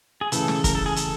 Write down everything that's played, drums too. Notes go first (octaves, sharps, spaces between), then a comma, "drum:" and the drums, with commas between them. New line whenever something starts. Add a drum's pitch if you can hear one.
G#4
C#3 E3 A3 A4, drum: hi-hat
drum: snare
A#4, drum: kick, hi-hat
A4
G#4
A4, drum: hi-hat